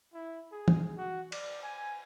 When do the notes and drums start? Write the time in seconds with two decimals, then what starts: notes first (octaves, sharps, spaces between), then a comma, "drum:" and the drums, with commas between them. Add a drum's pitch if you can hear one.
0.14 E4
0.52 G#4
0.68 drum: tom
0.98 F#4
1.32 D5, drum: cymbal
1.63 G#5